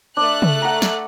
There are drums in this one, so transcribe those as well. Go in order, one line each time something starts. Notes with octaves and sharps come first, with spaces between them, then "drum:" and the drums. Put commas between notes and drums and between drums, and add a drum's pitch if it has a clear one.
A3 D4 F#6
drum: tom C#3
F#5 A#5
drum: snare